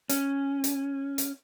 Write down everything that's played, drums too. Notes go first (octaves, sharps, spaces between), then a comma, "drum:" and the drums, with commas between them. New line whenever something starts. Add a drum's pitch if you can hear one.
C#4, drum: hi-hat
drum: hi-hat
drum: hi-hat